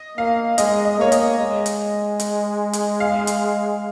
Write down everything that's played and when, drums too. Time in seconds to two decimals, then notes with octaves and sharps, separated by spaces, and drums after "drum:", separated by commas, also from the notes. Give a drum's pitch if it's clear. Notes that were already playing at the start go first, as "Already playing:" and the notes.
Already playing: D#5
0.18 A#3 F5
0.58 G#3 D#5, drum: hi-hat
0.85 D#5
0.99 A#3 C#5
1.12 D#5, drum: hi-hat
1.39 G#3
1.66 drum: hi-hat
2.20 drum: hi-hat
2.73 drum: hi-hat
3.00 F5
3.27 drum: hi-hat